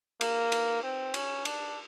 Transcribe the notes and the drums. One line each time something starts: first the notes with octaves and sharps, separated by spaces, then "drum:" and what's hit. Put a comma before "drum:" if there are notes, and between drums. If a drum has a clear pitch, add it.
A#3, drum: cymbal
drum: cymbal
C4
C#4, drum: cymbal
D4, drum: cymbal